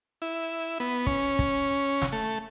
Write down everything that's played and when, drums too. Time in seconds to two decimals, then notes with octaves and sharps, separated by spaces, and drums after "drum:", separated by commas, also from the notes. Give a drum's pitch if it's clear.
0.22 E4
0.80 B3
1.07 C#4, drum: kick
1.39 drum: kick
2.02 drum: snare
2.12 A3